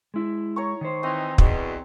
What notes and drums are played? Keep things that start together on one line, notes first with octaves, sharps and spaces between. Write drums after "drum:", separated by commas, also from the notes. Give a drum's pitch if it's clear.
G#3 E4
C#5 A#5 C#6
D#3 C5
E3 C4 D#4
E2 B2, drum: kick